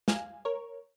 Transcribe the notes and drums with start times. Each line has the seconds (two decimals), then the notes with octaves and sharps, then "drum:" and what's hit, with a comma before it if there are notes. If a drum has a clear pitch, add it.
0.08 F5 G#5, drum: snare
0.45 A#4 C#5